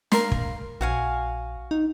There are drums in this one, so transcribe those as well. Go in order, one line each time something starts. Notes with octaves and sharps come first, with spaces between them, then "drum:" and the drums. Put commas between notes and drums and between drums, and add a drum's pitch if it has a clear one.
A#4 F5 C6, drum: snare
drum: kick
A#1 F#4 F5 G#5
D#4